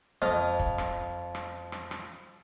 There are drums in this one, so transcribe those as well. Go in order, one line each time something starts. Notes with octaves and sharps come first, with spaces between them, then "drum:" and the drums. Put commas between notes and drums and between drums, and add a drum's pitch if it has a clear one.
F2 D#5 F5
drum: kick
drum: rim click
drum: rim click
drum: rim click
drum: rim click